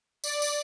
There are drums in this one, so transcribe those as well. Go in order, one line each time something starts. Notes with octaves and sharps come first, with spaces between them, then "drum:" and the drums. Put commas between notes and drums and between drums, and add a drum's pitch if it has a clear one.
D5, drum: tambourine
drum: tambourine